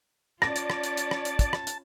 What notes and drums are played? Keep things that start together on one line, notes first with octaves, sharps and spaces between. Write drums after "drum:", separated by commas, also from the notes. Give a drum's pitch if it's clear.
C#4 F4 D5 A5 A#6, drum: rim click
drum: hi-hat
drum: rim click
drum: hi-hat
drum: hi-hat
drum: rim click
drum: hi-hat
drum: kick, hi-hat
drum: rim click
drum: hi-hat